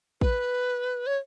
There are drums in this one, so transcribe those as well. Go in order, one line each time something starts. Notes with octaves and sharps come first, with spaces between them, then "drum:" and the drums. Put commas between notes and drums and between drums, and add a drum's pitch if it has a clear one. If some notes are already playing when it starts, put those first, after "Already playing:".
B4, drum: kick A1
C#5